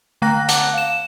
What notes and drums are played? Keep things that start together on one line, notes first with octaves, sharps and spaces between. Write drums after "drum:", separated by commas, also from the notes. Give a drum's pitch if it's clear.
D3 A3 G5 A#5 F#6 A#6
F#5 A5 D6 F#6, drum: hi-hat
F5 E7